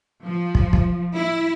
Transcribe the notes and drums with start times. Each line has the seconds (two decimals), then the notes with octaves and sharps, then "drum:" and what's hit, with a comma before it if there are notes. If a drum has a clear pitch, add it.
0.24 F3
0.55 drum: kick
0.73 drum: kick
1.15 E4